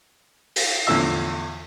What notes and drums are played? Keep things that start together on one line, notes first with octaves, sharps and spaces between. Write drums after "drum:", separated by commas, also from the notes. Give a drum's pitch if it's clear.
drum: open hi-hat
E2 A2 D3 F3 E5 E6